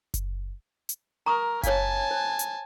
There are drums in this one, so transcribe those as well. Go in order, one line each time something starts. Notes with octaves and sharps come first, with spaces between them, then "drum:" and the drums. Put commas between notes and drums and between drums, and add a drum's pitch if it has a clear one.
drum: kick F#1, hi-hat
drum: hi-hat
A#4 A#5 C#6 D#6
C#5 F5 G#5 A5, drum: kick F#1, hi-hat
C5
drum: hi-hat